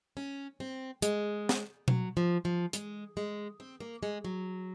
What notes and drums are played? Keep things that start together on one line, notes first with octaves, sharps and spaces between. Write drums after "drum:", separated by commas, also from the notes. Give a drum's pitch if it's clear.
C#4
C4
G#3, drum: hi-hat
drum: snare
F#3, drum: tom B2
F3
F3
G#3, drum: hi-hat
G#3
C4
A#3
G#3
F#3